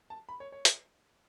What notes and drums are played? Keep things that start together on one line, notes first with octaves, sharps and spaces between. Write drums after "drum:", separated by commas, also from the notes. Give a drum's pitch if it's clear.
A5
B5
C#5
C#5
drum: hi-hat